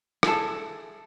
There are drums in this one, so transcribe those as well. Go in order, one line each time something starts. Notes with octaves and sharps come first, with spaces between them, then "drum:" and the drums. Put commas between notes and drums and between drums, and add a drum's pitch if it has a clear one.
E4 G#4 A4, drum: rim click